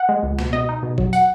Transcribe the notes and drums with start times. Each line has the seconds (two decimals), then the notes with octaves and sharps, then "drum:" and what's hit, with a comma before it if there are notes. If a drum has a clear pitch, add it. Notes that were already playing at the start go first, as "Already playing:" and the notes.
Already playing: F#5
0.09 G#3
0.23 C#2
0.39 B2, drum: snare
0.53 B2 D#5
0.69 D#4
0.83 B2
0.98 F#3, drum: kick A1
1.13 F#5, drum: tambourine